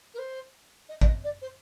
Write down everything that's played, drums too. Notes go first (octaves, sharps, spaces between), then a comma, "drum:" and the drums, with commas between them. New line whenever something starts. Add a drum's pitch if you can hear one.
A#4
C5
D#5
D5, drum: kick
D#5
D5
C5